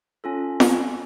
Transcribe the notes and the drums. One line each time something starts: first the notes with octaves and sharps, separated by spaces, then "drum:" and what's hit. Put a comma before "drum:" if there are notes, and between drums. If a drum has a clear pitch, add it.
C#4 F4 A4
drum: snare